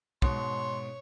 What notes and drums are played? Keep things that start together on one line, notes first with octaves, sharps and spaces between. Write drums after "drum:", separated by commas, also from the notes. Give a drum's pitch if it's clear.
G#2 B2 C#5 C6, drum: kick